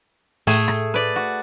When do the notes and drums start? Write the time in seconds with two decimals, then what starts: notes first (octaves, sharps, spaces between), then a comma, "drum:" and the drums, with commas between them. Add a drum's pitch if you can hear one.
0.47 A2 A3 G#4, drum: open hi-hat
0.68 drum: rim click
0.94 B4 D5
1.16 F#4